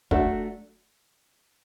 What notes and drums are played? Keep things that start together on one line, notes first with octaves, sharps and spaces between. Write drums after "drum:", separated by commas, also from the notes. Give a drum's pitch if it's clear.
F#3 A3 D4 F#4 A4, drum: kick